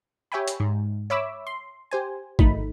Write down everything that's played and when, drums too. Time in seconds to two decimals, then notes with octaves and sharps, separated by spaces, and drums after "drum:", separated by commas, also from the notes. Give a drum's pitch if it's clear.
0.32 G4 C#5 E5 G5 G#5 B5
0.48 drum: hi-hat
0.60 G#2
1.10 C#5 E5 B5 D6 E6
1.47 C6
1.91 G4 C5 G#5
2.39 G#1 A3 D#4 B5, drum: kick